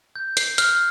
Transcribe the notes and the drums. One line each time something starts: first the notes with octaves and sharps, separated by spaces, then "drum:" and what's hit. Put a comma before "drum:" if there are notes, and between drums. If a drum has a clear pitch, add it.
G6
C7, drum: hi-hat
F6, drum: hi-hat